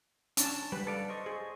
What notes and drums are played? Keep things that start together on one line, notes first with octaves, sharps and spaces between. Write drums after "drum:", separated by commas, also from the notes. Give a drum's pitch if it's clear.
C#4 D4 A5, drum: hi-hat
G3 B4
A4 D5 F5
C5 D#5 C#6
G#4